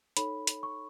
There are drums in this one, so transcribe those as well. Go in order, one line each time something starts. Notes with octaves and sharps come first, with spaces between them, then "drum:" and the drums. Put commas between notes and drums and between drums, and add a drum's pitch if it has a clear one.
D#4 A4 C#5 B5, drum: hi-hat
drum: hi-hat
C#6